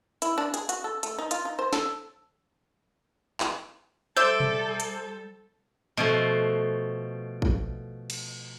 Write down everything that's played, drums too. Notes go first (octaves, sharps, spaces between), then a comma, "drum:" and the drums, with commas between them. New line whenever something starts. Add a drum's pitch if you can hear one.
E4, drum: hi-hat
D4
G#4, drum: hi-hat
F#4, drum: hi-hat
A4
A3, drum: hi-hat
D#4
F4, drum: hi-hat
D#4
C5
A4, drum: snare
drum: clap
G3 A4 C5 D5 E5 E6 G6
drum: tom B2
drum: hi-hat
B2 F3 A3
drum: kick
drum: cymbal